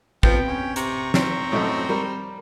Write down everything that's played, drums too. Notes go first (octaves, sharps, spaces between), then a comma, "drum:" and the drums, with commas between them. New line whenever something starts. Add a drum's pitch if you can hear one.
F3 B3 C4 B4 G5, drum: kick
C#4
C3 A#5 C#6, drum: hi-hat
C4, drum: snare
F#2 A2 F#4 A4 D#5
G3 A#4